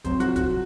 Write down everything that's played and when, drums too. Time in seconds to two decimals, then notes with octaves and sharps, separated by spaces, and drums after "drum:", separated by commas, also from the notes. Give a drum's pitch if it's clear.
0.04 C2 C3 F#3 C5, drum: kick D#1, hi-hat
0.20 F#4, drum: hi-hat
0.36 F#4, drum: kick D#1, hi-hat